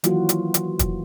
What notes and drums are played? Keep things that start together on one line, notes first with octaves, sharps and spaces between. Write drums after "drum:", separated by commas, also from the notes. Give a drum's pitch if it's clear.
D#3 E3 F#3 A#3 F4 F#4, drum: hi-hat
drum: hi-hat
drum: hi-hat
drum: kick, hi-hat